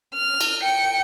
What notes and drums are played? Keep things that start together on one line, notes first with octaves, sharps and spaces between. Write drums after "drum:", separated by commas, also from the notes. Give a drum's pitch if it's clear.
F6
drum: cymbal
G5 C#7